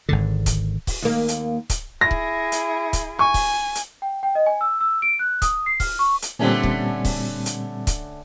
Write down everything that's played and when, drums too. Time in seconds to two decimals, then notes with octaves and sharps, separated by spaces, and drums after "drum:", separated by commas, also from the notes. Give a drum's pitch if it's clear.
0.09 G#1 G#2 D3
0.46 drum: kick C#1, hi-hat
0.87 drum: kick C#1, open hi-hat
1.02 D#2 A#3
1.28 drum: hi-hat
1.70 drum: kick C#1, hi-hat
2.01 E4 G#4 A#6
2.11 drum: kick C#1
2.52 drum: hi-hat
2.93 drum: kick C#1, hi-hat
3.19 G#5 C#6
3.34 drum: kick C#1, open hi-hat
3.75 drum: hi-hat
4.02 G5
4.23 G5
4.35 D#5
4.46 G#5
4.61 E6
4.81 E6
5.02 D7
5.19 F#6
5.42 D#6, drum: kick C#1, hi-hat
5.66 C7
5.80 F6, drum: kick C#1, open hi-hat
5.99 C#6
6.22 drum: hi-hat
6.39 A#2 D3 G3 A3 C4 C#4
6.63 drum: kick C#1
7.05 drum: kick C#1, open hi-hat
7.46 drum: hi-hat
7.87 drum: kick C#1, hi-hat